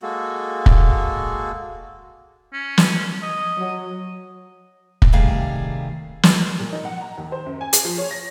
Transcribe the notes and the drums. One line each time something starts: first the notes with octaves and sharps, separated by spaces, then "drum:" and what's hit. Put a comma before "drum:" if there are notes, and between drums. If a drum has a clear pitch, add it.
G#3 A#3 F#4 A4
drum: kick
C#4
drum: snare
D#5
F#3
drum: kick
C3 D#3 G3 A3 G#4 F5
drum: snare
A#2
D#4
F#5
A#5
D#2
C5
F#2
G#5
G#4, drum: hi-hat
F3
C#5
A#6